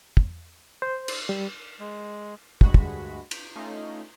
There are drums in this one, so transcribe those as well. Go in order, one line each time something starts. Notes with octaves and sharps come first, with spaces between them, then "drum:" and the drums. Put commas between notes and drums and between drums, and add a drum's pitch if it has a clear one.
drum: kick
C5
drum: cymbal
G3
G#3
D2 G2 G#3 F#4 B5, drum: kick
drum: kick
B6 D7, drum: cymbal
A3 C#4 D#4 F4